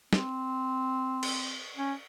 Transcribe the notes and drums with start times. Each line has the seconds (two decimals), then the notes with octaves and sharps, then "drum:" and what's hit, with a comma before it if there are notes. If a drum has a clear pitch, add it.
0.13 C4, drum: snare
1.23 drum: cymbal
1.76 C#4